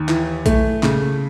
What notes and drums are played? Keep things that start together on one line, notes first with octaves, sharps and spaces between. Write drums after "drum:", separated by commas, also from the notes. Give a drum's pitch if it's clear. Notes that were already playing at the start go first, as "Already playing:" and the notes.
Already playing: D#2
E3, drum: clap
A3, drum: kick A#1, hi-hat
C#3, drum: clap